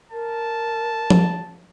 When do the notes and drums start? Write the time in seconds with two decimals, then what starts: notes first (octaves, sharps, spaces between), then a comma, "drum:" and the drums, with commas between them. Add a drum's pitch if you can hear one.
0.12 A#4 A5
1.10 drum: tom F3